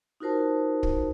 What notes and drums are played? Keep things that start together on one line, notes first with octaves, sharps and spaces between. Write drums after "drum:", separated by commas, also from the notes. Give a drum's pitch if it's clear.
D#4 F4 F#4 A#4 C5 A5
drum: kick